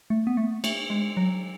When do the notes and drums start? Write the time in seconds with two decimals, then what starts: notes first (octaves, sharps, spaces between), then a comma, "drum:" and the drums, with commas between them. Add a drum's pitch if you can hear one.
0.10 A3
0.27 B3
0.37 A3
0.64 A3, drum: cymbal
0.90 G#3
1.17 F#3